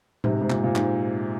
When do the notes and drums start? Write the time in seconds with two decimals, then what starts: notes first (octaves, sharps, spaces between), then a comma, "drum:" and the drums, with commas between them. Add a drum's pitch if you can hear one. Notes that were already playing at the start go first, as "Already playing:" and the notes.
0.24 G#2 C3, drum: tom A2
0.41 G#2
0.50 A#2, drum: clap
0.64 A#2
0.76 G#2, drum: clap